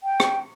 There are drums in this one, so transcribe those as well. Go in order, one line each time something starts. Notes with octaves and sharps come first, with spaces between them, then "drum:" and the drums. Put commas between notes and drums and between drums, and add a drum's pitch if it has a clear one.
G5
drum: rim click